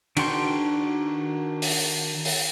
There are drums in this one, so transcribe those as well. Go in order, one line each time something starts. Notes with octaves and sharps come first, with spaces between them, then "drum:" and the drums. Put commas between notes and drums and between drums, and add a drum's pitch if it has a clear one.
D#3 D4 F#4 G5 C6, drum: cymbal
drum: open hi-hat
drum: open hi-hat